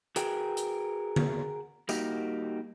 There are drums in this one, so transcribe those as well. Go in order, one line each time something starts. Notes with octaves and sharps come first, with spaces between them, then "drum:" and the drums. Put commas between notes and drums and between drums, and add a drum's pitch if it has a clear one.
F#4 G#4 A#4 B4 G5, drum: hi-hat
drum: hi-hat
drum: tom D3
G3 A#3 D#4 F#4 G4, drum: tambourine